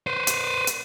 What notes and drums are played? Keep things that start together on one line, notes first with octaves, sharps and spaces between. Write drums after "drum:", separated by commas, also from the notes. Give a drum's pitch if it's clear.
B4 C5
drum: hi-hat
drum: hi-hat